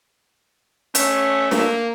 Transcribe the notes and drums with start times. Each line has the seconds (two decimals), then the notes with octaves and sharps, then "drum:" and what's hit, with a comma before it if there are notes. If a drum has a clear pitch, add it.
0.95 A3 C#4, drum: hi-hat
1.51 A#3, drum: snare